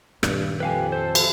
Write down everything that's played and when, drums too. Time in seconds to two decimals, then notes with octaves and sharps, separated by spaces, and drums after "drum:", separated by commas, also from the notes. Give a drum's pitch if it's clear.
0.23 G2 A#2 D#3, drum: rim click
0.60 F2 G4 B4 F5 G#5
0.92 A4 C5
1.15 drum: cymbal